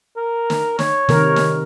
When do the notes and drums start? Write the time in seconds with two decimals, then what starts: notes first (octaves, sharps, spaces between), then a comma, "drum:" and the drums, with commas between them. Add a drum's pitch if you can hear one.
0.17 A#4
0.50 drum: snare
0.79 C#5, drum: snare
1.09 C3 D#3 A#4, drum: snare
1.36 drum: snare